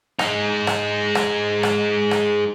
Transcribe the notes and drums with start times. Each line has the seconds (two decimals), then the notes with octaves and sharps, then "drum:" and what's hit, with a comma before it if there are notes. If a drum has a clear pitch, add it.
0.19 G#3 D#4, drum: rim click
0.67 drum: rim click
1.15 drum: rim click
1.63 drum: rim click
2.11 drum: rim click